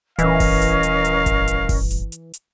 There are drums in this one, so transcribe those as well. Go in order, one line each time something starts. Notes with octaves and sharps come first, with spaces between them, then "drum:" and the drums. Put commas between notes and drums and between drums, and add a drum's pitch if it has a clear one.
D#1 E3 C#4 A#4 D#5 F5, drum: hi-hat
drum: kick G1, open hi-hat
drum: hi-hat
drum: hi-hat
drum: hi-hat
drum: kick G1, hi-hat
drum: hi-hat
drum: kick G1, open hi-hat
drum: hi-hat
drum: hi-hat
drum: hi-hat